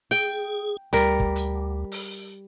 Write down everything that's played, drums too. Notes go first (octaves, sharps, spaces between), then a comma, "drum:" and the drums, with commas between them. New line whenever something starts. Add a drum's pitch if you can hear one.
G#4 G5
D2 G3 A#4, drum: hi-hat
drum: kick
drum: hi-hat
drum: open hi-hat